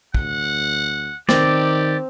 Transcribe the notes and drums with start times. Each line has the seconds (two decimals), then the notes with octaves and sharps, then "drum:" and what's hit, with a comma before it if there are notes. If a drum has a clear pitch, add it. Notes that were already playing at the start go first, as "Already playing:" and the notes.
0.14 D2 F#5, drum: kick
1.29 D#3 C4 G4 D5 A#5, drum: snare